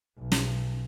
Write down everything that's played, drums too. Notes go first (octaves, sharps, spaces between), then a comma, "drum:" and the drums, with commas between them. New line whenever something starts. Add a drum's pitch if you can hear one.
B1
drum: snare